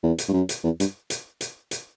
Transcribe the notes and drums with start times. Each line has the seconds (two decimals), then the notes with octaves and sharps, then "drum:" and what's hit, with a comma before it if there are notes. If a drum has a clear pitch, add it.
0.03 E2
0.18 drum: hi-hat
0.29 G2
0.33 F#2
0.49 drum: hi-hat
0.64 E2
0.80 G2, drum: hi-hat
1.10 drum: hi-hat
1.41 drum: hi-hat
1.71 drum: hi-hat